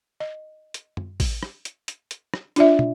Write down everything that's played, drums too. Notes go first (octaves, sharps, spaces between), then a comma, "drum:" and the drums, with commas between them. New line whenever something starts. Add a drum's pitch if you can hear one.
D#5
drum: hi-hat
drum: tom
drum: kick A1, open hi-hat
drum: rim click
drum: hi-hat
drum: hi-hat
drum: hi-hat
drum: rim click
D4 F4 D5 E5, drum: hi-hat
drum: tom